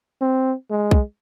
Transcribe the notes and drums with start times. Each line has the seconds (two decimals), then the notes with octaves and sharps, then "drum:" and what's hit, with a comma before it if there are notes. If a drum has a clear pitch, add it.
0.21 C4
0.71 G#3
0.91 drum: kick B1